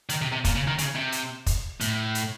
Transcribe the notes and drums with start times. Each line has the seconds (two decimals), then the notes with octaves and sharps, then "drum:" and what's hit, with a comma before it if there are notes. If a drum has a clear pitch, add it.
0.09 D#3, drum: hi-hat
0.22 C3
0.32 C3
0.44 A#2, drum: kick, hi-hat
0.55 C#3
0.67 D#3
0.78 C#3, drum: hi-hat
0.95 C3
1.12 drum: hi-hat
1.46 drum: kick, hi-hat
1.81 A2, drum: hi-hat
2.15 drum: hi-hat